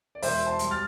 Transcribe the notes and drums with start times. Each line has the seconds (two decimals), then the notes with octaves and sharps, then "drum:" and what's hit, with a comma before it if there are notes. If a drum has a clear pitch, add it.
0.15 D5
0.22 E1 C5 E5, drum: open hi-hat
0.46 A5 C6
0.59 G3, drum: hi-hat
0.71 F6 A6